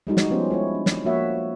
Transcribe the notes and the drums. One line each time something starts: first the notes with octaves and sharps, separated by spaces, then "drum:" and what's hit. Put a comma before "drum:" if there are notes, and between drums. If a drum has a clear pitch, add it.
G3 G#3 D#4 F#4
drum: snare
F3 B3 C#4 G4 C5
G#3 E4 C#5
D4
drum: snare
F3 A#3 F#4 C#5 E5 F#5